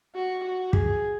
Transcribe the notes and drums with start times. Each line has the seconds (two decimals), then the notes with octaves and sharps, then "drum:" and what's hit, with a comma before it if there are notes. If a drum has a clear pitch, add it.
0.15 F#4
0.44 F#4
0.73 G#4, drum: kick